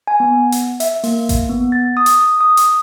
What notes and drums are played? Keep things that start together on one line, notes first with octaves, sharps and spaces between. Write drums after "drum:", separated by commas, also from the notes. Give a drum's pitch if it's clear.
G#5
B3
drum: hi-hat
E5, drum: hi-hat
A#3, drum: open hi-hat
drum: kick G#1, hi-hat
B3
A6
D#6
drum: hi-hat
D#6
drum: hi-hat